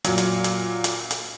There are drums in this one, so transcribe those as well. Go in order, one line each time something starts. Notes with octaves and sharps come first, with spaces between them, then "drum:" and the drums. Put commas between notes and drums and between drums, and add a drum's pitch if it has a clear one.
A#2 F#3, drum: hi-hat
drum: hi-hat
drum: hi-hat
drum: hi-hat
drum: hi-hat